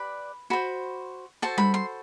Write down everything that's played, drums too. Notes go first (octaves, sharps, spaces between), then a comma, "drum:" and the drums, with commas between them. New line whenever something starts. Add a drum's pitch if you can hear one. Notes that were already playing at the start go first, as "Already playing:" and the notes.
Already playing: G4 B4 D5 B5
F#4 C5 B5
F#4 A4 C5 A5
B5, drum: tom G3
C6